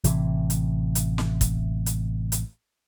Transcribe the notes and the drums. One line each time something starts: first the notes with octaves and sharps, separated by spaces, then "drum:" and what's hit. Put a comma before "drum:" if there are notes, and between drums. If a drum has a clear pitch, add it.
A1 C3 E3, drum: hi-hat
drum: hi-hat
drum: hi-hat
drum: snare
drum: kick, hi-hat
drum: hi-hat
drum: hi-hat